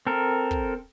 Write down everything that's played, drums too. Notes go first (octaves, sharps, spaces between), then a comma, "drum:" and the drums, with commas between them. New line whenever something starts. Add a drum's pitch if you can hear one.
C4 A4 A#4
drum: kick